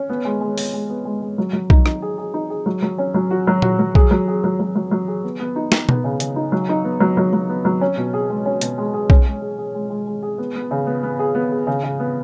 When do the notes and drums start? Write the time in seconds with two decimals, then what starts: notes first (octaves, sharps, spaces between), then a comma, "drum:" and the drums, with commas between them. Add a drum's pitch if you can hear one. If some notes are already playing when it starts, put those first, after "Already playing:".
Already playing: C#4
0.09 B3
0.25 G#3
0.41 G#3
0.58 B3, drum: open hi-hat
0.74 G#3
0.90 B3
1.05 G#3
1.22 G#3
1.38 F#3
1.53 F#3
1.70 D#4, drum: kick B1
1.86 D#4, drum: rim click
2.02 G#4
2.18 G#4
2.34 D#4
2.50 G#4
2.66 F#3
2.82 F#3
2.98 C#4
3.14 F#3
3.31 F#4
3.47 F#3
3.62 F#4, drum: tom A#2
3.79 F#3
3.95 G#4, drum: kick B1
4.11 F#3
4.28 G#4
4.44 F#3
4.60 F#3
4.76 F#3
4.91 F#3
5.08 G#4
5.24 B3
5.40 B3
5.56 D#4
5.72 D#4, drum: snare
5.89 B3, drum: tom B2
6.04 C#3
6.20 C#3, drum: hi-hat
6.36 D#4
6.52 F#3
6.69 D#4
6.84 B3
7.00 F#3
7.17 F#3
7.33 F#3
7.49 B3
7.65 F#3
7.81 C#4
7.97 B2
8.13 G#4
8.30 G#3
8.46 C#4
8.61 B2, drum: hi-hat
8.78 G#3
8.94 G#4
9.10 C#4, drum: kick B1
9.26 G#3
9.42 G#4
9.58 G#4
9.74 G#3
9.90 G#3
10.07 G#3
10.23 G#4
10.38 B3
10.55 B3
10.71 C#3
10.87 B3
11.03 B3
11.19 G#4
11.35 B3
11.51 G#4
11.67 C#3
11.83 C#3
12.00 B3